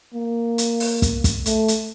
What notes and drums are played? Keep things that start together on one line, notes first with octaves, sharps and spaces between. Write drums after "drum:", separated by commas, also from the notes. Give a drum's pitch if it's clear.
A#3
drum: hi-hat
drum: open hi-hat
drum: kick, hi-hat
drum: kick, hi-hat
A3, drum: hi-hat
drum: hi-hat